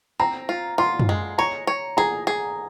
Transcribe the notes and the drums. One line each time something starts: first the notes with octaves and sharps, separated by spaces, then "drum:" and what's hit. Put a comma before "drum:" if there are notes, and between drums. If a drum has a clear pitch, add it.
C4 A#5
F4
F4 C6
drum: tom F#2
G#3
C#5 A#5
C#5
G#4 A#5
G#4